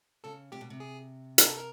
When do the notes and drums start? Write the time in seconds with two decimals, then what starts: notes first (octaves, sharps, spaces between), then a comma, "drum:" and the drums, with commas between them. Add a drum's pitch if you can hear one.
0.24 C#3 A4
0.52 C3 G4
0.61 B2
0.70 C3
0.80 G#4
1.38 A#4, drum: hi-hat
1.47 A4
1.57 A#4